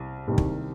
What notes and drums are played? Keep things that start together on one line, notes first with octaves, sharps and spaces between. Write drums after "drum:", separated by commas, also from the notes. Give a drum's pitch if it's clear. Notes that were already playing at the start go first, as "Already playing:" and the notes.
Already playing: C2
C2 C3 D#3
drum: kick